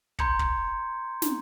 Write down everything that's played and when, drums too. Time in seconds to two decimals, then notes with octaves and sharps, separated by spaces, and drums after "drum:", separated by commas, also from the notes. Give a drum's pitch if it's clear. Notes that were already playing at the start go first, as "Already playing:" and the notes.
0.19 A#5 C6 G6 G#6 C#7, drum: kick
0.39 drum: kick
1.22 drum: snare